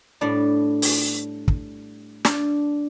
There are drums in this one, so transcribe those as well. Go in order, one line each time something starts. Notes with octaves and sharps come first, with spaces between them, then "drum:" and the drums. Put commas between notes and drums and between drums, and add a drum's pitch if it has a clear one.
A2 G3 D4 D5
drum: open hi-hat
drum: kick
D4, drum: snare